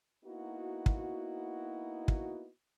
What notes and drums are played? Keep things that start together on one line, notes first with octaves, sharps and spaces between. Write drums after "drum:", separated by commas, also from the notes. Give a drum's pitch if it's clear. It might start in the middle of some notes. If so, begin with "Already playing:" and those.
A#3 B3 D#4 E4 F#4
drum: kick
drum: kick